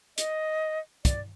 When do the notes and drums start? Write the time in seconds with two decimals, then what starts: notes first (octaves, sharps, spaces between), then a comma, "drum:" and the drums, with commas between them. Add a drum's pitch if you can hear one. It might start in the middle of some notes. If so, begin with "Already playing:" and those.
0.18 D#5, drum: hi-hat
1.05 D5, drum: kick, hi-hat